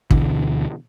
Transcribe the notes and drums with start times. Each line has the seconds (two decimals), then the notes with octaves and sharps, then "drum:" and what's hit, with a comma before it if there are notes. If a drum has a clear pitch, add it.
0.11 D2 B2 D3 E3, drum: kick